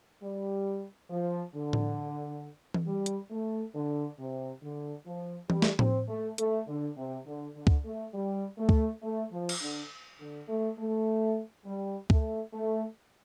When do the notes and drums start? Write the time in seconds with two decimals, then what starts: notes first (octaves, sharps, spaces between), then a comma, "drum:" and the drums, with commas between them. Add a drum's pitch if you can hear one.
0.23 G3
1.10 F3
1.55 D3
1.73 drum: tom A2
2.74 drum: tom E3
2.86 G3
3.06 drum: hi-hat
3.31 A3
3.74 D3
4.19 C3
4.62 D3
5.06 F3
5.50 G3, drum: tom E3
5.62 drum: snare
5.79 C4, drum: tom A2
6.08 A3
6.38 A3, drum: hi-hat
6.67 D3
6.97 C3
7.26 D3
7.55 D3
7.67 drum: kick C#2
7.84 A3
8.14 G3
8.58 A3
8.69 drum: kick C#2
9.02 A3
9.31 F3
9.49 drum: cymbal
9.61 D3
10.20 D3
10.48 A3
10.78 A3
11.65 G3
12.10 A3, drum: kick C#2
12.53 A3